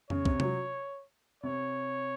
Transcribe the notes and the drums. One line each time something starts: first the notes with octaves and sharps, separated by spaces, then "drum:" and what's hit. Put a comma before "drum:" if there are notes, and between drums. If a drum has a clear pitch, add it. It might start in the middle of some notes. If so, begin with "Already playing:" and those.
C#3 C#5, drum: tom F2
C3, drum: kick
F#3, drum: tom C3
C3 C#5